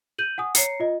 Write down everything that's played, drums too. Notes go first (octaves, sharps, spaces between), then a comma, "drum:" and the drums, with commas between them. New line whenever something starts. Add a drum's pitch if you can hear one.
G6 D#7 F#7
F#5 G#5 D#6
C#5 A#5 C7 C#7, drum: hi-hat
F4 D#5